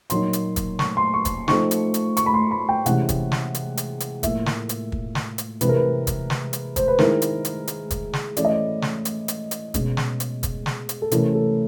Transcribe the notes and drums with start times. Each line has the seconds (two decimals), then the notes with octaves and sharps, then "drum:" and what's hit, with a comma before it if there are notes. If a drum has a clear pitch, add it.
0.10 A#2 F#3 A#3 D#4 C6, drum: hi-hat
0.33 drum: hi-hat
0.56 drum: kick, hi-hat
0.79 C#6, drum: snare
0.97 C6
1.14 C#6
1.25 drum: kick, hi-hat
1.48 F3 A3 C4 D#4 C#6, drum: snare
1.71 drum: hi-hat
1.94 drum: hi-hat
2.17 C#6, drum: hi-hat
2.26 B5
2.34 C6
2.51 B5
2.69 G5
2.86 C3 E3 G#3 C#4 F#5, drum: hi-hat
3.09 drum: kick, hi-hat
3.32 drum: snare
3.54 drum: hi-hat
3.77 drum: hi-hat
4.00 drum: hi-hat
4.23 A2 F3 A#3 E5, drum: kick, hi-hat
4.46 drum: snare
4.69 drum: hi-hat
4.92 drum: kick
5.15 drum: snare
5.38 drum: hi-hat
5.61 C3 E3 G#3 C4 B4, drum: hi-hat
5.69 A#4
5.76 B4
6.07 drum: kick, hi-hat
6.30 drum: snare
6.53 drum: hi-hat
6.76 C5, drum: kick, hi-hat
6.88 B4
6.98 D#3 G#3 C4 E4 A#4, drum: snare
7.22 drum: hi-hat
7.45 drum: hi-hat
7.68 drum: hi-hat
7.90 drum: kick, hi-hat
8.13 drum: snare
8.37 E3 A3 C#4 E4 D5, drum: hi-hat
8.45 D#5
8.54 D5
8.82 drum: snare
9.05 drum: hi-hat
9.28 drum: hi-hat
9.51 drum: hi-hat
9.74 B2 G#3 C#4, drum: kick, hi-hat
9.97 drum: snare
10.20 drum: hi-hat
10.43 drum: kick, hi-hat
10.66 drum: snare
10.89 drum: hi-hat
11.02 A4
11.11 C3 E3 A3 C#4 E4 A#4, drum: hi-hat
11.35 A4